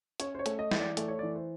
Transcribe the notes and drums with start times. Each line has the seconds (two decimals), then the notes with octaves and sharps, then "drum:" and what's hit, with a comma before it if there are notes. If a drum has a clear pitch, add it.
0.20 C#4 C#5, drum: hi-hat
0.35 C5
0.39 C#5
0.46 A3, drum: hi-hat
0.59 D#5
0.71 E3, drum: snare
0.78 D5
0.97 A3 D5, drum: hi-hat
1.08 C#5
1.19 E3 D5
1.36 C5